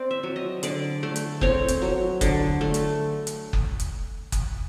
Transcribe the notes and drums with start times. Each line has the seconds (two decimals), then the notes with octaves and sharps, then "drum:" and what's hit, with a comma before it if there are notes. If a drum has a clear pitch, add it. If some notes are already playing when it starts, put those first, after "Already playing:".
Already playing: C4 D5
0.11 E5
0.23 F#3
0.36 D#5
0.63 D3 D5, drum: hi-hat
1.03 A3
1.16 drum: hi-hat
1.41 C4 C#5, drum: kick F#1
1.68 drum: hi-hat
1.82 F#3
2.21 D3, drum: kick F#1, hi-hat
2.61 A3
2.74 drum: hi-hat
3.27 drum: hi-hat
3.53 drum: kick F#1
3.80 drum: hi-hat
4.32 drum: kick F#1, hi-hat